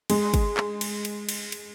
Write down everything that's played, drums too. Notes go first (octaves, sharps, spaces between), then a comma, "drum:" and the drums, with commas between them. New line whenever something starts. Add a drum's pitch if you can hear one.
G#3, drum: cymbal
drum: kick, cymbal
drum: clap
drum: cymbal
drum: cymbal
drum: cymbal
drum: cymbal